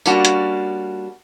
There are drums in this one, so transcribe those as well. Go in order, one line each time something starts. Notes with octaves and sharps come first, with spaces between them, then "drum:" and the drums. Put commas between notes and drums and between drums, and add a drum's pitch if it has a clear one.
G3 A#3 C#4 D4 F4 F#4, drum: tambourine
drum: hi-hat